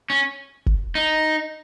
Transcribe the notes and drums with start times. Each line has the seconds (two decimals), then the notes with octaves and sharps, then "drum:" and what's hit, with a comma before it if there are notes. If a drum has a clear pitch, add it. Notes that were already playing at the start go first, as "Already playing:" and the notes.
0.10 C#4
0.66 drum: kick F#1
0.95 D#4